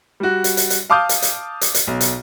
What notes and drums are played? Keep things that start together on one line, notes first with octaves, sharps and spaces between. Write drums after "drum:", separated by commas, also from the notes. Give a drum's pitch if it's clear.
G3 F#4
drum: hi-hat
drum: hi-hat
drum: hi-hat
F5 A5 D6 D#6 F6 G6
drum: hi-hat
drum: hi-hat
drum: hi-hat
drum: hi-hat
B1
drum: hi-hat